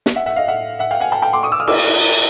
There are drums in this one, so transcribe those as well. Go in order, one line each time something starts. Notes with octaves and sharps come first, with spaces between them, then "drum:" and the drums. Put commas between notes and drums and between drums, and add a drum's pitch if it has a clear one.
drum: snare
E5 F#5
E5 F#5
D#5 F5
E5 F#5
E5 F#5
F5 G5
F#5 G#5
G5 A5
G5 A5
C6 D6
C#6 D#6
D6 E6
D#6 F6
D6 E6, drum: cymbal